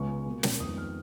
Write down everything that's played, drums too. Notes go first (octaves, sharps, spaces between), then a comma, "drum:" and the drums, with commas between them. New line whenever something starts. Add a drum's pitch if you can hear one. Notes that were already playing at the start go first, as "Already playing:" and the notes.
Already playing: C#2 C#3 G#3 B3 C#6
B2 A#3
drum: snare
F2 D#3 G#3 B3 D#6
F6